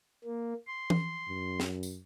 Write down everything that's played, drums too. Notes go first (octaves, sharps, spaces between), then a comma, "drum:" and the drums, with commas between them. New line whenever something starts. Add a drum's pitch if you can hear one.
A#3
C6
drum: tom E3
F#2
drum: snare
drum: tambourine